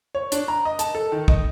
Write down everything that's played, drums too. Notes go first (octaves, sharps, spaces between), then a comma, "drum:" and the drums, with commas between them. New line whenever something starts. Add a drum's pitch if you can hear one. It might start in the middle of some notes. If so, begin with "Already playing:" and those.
C#5
D4, drum: hi-hat
A#5
D#5
A5, drum: hi-hat
A4
D#3
D#5, drum: kick